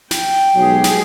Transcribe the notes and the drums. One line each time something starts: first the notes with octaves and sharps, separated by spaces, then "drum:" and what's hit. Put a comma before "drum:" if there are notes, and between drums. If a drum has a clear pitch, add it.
G5, drum: snare
B1 F#3 G#3 G4 G#4
drum: snare